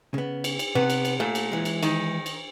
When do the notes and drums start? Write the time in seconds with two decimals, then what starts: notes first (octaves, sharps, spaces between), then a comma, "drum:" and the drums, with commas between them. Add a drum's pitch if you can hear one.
0.14 C#3 B3
0.44 drum: cymbal
0.59 drum: cymbal
0.75 C3 B3
0.90 drum: cymbal
1.05 drum: cymbal
1.20 A#2 A3
1.35 drum: cymbal
1.51 E3 G#3
1.65 drum: cymbal
1.83 D#3, drum: cymbal
2.26 drum: cymbal